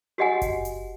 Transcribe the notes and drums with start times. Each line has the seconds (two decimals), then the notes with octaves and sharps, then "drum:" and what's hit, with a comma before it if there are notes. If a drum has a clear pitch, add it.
0.18 F#4 G4 D#5 F#5 G#5
0.42 drum: kick F#1, hi-hat
0.65 drum: hi-hat